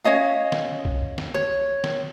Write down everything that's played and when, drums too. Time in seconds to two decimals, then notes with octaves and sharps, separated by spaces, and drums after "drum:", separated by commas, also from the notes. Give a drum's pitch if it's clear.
0.04 C#4 C#5 D#5 F5
0.52 drum: snare
0.85 drum: kick
1.18 drum: snare
1.34 C#5
1.84 drum: snare